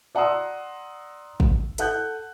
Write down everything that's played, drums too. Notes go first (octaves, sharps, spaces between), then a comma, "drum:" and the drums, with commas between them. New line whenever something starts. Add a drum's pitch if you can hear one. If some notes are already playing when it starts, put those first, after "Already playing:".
D5 F#5 A#5 C6 D#6 E6
drum: kick
A4 F#5 F#6 G6, drum: hi-hat